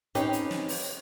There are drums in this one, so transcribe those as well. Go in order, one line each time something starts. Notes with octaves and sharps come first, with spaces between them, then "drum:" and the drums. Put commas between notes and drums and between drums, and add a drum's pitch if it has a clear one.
C4 C#4 D#4 G4 B4 C#5, drum: hi-hat
drum: hi-hat
drum: snare
drum: open hi-hat